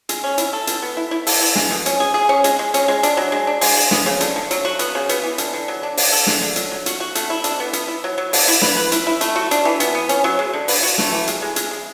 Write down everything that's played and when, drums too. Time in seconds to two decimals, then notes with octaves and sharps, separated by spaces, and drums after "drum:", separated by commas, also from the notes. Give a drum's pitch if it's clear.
0.09 G#3, drum: hi-hat
0.24 C#4
0.38 E4, drum: hi-hat
0.53 A4
0.67 B2, drum: hi-hat
0.82 B3
0.97 E4
1.11 E4
1.27 A4, drum: open hi-hat
1.41 E3
1.55 G#3, drum: snare
1.70 B2
1.86 C#4, drum: hi-hat
2.00 G#4
2.14 G#4
2.29 C#4
2.44 G#3, drum: hi-hat
2.59 G#3
2.74 C#4, drum: hi-hat
2.88 G#3
3.03 D4, drum: hi-hat
3.17 F#3
3.32 G#3
3.47 D4
3.61 G#3, drum: open hi-hat
3.77 G#3
3.91 B3, drum: snare
4.06 C#3
4.21 D3, drum: hi-hat
4.36 D3
4.51 F#3, drum: hi-hat
4.65 F#4
4.79 B3, drum: hi-hat
4.95 C#3
5.09 B3, drum: hi-hat
5.24 E3
5.38 D3, drum: hi-hat
5.54 D3
5.68 F#3
5.83 D4
5.97 D4, drum: open hi-hat
6.12 A4
6.27 G#3, drum: snare
6.41 D3
6.56 F#3, drum: hi-hat
6.71 F#3
6.86 F#4, drum: hi-hat
7.00 F#4
7.15 A3, drum: hi-hat
7.30 E4
7.44 D4, drum: hi-hat
7.60 B3
7.73 B3, drum: hi-hat
7.88 E4
8.04 F#3
8.18 F#3
8.33 D3, drum: open hi-hat
8.48 E4
8.62 B4, drum: snare
8.77 B4
8.92 E4, drum: hi-hat
9.07 E4
9.21 A3, drum: hi-hat
9.36 F#4
9.51 D4, drum: hi-hat
9.65 E3
9.80 B3, drum: hi-hat
9.95 B3
10.09 C#4, drum: hi-hat
10.24 F#3
10.39 G#3
10.54 D3
10.68 B4, drum: open hi-hat
10.83 F#4
10.98 A3, drum: snare
11.13 E3
11.27 G#3, drum: hi-hat
11.42 G#3
11.56 G#3, drum: hi-hat
11.71 G#3